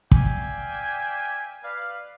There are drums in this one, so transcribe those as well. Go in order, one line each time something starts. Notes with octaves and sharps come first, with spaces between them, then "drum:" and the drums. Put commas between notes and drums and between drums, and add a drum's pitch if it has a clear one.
D5 E5 F5 G5 G#5, drum: kick
B4 D5 F5